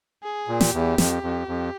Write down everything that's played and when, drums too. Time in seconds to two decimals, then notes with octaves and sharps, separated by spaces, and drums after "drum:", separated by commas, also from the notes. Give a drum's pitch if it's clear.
0.24 G#4
0.48 A#2
0.61 G4, drum: snare
0.73 E2
0.98 F2, drum: snare
1.23 F2
1.47 F2